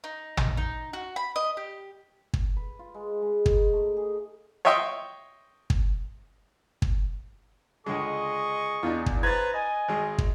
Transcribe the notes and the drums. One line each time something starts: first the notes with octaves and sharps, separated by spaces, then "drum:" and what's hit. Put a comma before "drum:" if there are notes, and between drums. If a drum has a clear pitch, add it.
D#4
drum: tom
D#4
F#4
B5
D#5
G4
drum: kick
B4
F4
G#3
G#3
drum: kick
D#4
A3
G#4
C#5 D#5 E5 G5 C6 C#6
drum: kick
drum: kick
C#2 D3 G#3 G#4 D#5 C#6
E2 D4 D#4 F4
drum: kick
B4 C5 A#5 G#6 A6
D#5 G#5
G#1 G#3
drum: kick